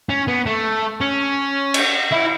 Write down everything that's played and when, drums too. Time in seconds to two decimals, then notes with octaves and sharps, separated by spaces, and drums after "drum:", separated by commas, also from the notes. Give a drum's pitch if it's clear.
0.09 C#4
0.28 B3
0.46 A3
1.01 C#4
1.74 drum: cymbal
2.12 E4